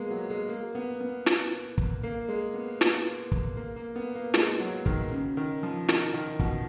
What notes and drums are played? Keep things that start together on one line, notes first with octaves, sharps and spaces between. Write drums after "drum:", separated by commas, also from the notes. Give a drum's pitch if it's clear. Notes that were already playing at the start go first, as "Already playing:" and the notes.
Already playing: G#3 A#3 B3
F#3
G#3
A#3
B3
B3
drum: snare
drum: kick
A#3
G#3
B3
B3, drum: snare
drum: kick
A#3
A#3
B3
A#3
G#3, drum: snare
F#3
D#3, drum: kick
C#3
D#3
F3
D#3, drum: snare
D#3
B2, drum: kick